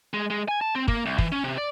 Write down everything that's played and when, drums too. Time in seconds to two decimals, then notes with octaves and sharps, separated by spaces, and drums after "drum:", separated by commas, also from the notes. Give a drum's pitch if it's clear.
0.13 G#3
0.30 G#3
0.48 G#5
0.61 A5
0.75 C4
0.88 A#3, drum: kick
1.06 C2
1.18 E3, drum: kick
1.32 C#4
1.44 C3
1.58 D5